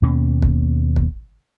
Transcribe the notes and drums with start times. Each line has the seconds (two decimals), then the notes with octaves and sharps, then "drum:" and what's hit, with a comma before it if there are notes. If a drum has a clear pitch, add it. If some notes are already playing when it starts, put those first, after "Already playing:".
0.02 D#2 B2 A#3 C#4
0.42 drum: kick
0.96 drum: kick